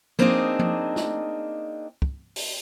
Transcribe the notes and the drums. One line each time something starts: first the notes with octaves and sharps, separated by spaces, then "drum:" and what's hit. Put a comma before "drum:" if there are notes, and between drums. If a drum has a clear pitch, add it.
A#3 C4 D4 D#4 G#4 D#5, drum: tom F3
drum: tom F3
drum: snare
drum: kick
drum: open hi-hat